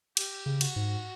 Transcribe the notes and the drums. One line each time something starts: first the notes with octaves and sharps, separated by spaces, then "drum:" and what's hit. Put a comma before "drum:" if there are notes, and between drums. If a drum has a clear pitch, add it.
G4, drum: cymbal
C#3
F#4, drum: cymbal
G#2